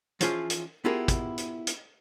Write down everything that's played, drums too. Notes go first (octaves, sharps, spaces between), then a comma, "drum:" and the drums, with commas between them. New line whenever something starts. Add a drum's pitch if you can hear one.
E3 F3 C#4 F4 G#4, drum: hi-hat
drum: hi-hat
B3 E4 F4 G4 G#4 A#4
drum: kick, hi-hat
drum: hi-hat
drum: hi-hat